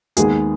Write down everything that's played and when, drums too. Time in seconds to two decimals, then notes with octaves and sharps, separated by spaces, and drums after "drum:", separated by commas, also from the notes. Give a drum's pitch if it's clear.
0.17 D#2 D#3 G#3 B3 G#4, drum: hi-hat